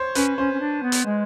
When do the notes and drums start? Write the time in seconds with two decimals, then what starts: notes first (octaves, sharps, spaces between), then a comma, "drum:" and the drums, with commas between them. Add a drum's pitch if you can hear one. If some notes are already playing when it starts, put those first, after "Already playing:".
Already playing: C5 C#5
0.15 C#4 B4, drum: hi-hat
0.37 C#4 C5
0.53 C#4
0.60 D4
0.82 B3
0.92 drum: hi-hat
1.05 G#3